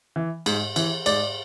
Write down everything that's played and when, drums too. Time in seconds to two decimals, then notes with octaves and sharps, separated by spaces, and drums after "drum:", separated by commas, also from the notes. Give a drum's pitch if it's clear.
0.16 E3
0.46 G#2, drum: cymbal
0.76 E3, drum: cymbal
1.06 G#2 D5, drum: cymbal